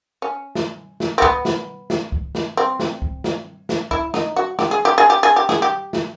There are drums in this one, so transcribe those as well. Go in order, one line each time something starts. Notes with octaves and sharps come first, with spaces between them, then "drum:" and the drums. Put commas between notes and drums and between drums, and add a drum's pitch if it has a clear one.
C#4
drum: snare
drum: snare
C4
B3, drum: kick
drum: snare
drum: snare
drum: kick
drum: snare
C4
drum: snare
drum: kick
drum: snare
drum: snare
E4, drum: kick
D#4, drum: snare
F#4
G4, drum: snare
G#4
G4
G#4
G4
G#4
G4
G#4, drum: snare
G4
drum: snare